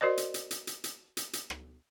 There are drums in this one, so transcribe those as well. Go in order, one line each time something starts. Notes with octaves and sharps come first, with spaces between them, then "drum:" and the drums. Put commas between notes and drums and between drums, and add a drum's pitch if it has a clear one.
F#4 A#4 C5 D5 D#5
drum: hi-hat
drum: hi-hat
drum: hi-hat
drum: hi-hat
drum: hi-hat
drum: hi-hat
drum: hi-hat
drum: rim click